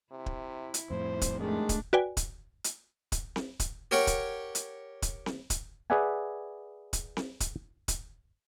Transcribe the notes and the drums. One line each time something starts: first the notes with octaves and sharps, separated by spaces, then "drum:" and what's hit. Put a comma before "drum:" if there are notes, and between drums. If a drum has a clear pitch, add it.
C3 E4
drum: kick
drum: hi-hat
F2 A2 C5
drum: kick, hi-hat
D#3 G#3 A3 D4
drum: kick, hi-hat
F#4 B4 D5 G5 G#5
drum: kick, hi-hat
drum: hi-hat
drum: kick, hi-hat
drum: snare C4
drum: kick, hi-hat
G4 A#4 C#5 F#5 G5 C#6
drum: kick, hi-hat
drum: hi-hat
drum: kick, hi-hat
drum: snare C4
drum: kick, hi-hat
G#4 B4 D5 E5 F#5 G#5
drum: kick, hi-hat
drum: snare C4
drum: kick, hi-hat
drum: kick, hi-hat